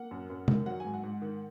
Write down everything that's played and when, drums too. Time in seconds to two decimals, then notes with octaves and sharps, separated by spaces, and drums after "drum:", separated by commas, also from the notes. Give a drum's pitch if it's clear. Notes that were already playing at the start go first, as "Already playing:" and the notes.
Already playing: A#3 F#5
0.11 F#2
0.30 F#2
0.48 D#3, drum: tom
0.66 F#3 F#5
0.80 G#2 G#5
0.94 F#5
1.04 G#2
1.22 D#3